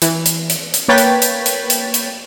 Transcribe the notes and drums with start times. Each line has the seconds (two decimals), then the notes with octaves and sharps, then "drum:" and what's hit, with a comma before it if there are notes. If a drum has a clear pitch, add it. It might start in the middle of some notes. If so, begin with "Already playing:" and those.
0.02 E3, drum: hi-hat
0.26 drum: hi-hat
0.50 drum: hi-hat
0.74 drum: hi-hat
0.88 A#3 B4 C#5 G5 A6 B6
0.98 drum: hi-hat
1.22 drum: hi-hat
1.46 drum: hi-hat
1.70 drum: hi-hat
1.94 drum: hi-hat